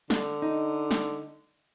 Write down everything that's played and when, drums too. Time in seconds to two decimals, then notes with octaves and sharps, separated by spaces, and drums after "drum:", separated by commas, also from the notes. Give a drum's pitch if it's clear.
0.10 D3, drum: snare
0.42 D#4
0.91 drum: snare